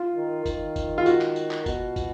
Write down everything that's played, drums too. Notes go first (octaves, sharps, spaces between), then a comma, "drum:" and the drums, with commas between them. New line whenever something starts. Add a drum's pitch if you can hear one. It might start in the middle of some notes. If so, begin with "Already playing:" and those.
Already playing: F4
D#3
D#3, drum: kick, tambourine
drum: kick, tambourine
F4
F#4, drum: tambourine
drum: clap
drum: tambourine
drum: clap
B2, drum: kick, tambourine
drum: kick, tambourine